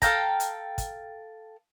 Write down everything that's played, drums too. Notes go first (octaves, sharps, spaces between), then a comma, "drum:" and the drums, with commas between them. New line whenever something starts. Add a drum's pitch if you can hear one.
A4 F5 G5 A#5, drum: kick, hi-hat
drum: hi-hat
drum: kick, hi-hat